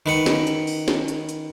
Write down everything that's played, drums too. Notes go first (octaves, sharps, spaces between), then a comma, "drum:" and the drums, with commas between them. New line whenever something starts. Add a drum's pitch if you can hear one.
D#3 B4 F#5
drum: snare
drum: hi-hat
drum: open hi-hat
drum: snare
drum: hi-hat
drum: hi-hat